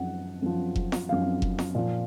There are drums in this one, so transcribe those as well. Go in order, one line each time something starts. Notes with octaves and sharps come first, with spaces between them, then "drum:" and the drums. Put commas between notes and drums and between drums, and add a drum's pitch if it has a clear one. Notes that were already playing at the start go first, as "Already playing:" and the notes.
Already playing: F#2 F3 F#5
F#2 F3
drum: kick F1
drum: snare F4
F#2 F3 F5
drum: kick F1
drum: snare F4
A#2 F3